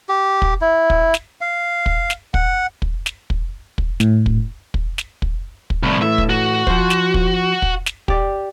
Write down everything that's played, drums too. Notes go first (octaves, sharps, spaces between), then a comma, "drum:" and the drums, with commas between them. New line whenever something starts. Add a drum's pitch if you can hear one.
G4
drum: kick
E4
drum: kick
drum: snare
F5
drum: kick
drum: snare
F#5, drum: kick
drum: kick
drum: snare
drum: kick
drum: kick
A2, drum: snare
drum: kick
drum: kick
drum: snare
drum: kick
drum: kick
C2 A2
A2 E3 A3 E5
drum: kick
F#4
F3 C5, drum: kick
drum: snare
drum: kick
drum: kick
drum: snare
G4 D5, drum: kick